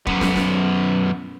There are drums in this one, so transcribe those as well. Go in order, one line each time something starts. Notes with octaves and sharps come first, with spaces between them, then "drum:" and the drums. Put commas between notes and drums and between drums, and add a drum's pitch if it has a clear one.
F#2 B3, drum: kick
drum: snare
drum: snare